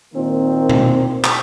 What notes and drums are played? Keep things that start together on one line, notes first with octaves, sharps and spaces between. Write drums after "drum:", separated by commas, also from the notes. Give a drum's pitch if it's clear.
A#2 D#3 A#3 C4
drum: tom B2
drum: clap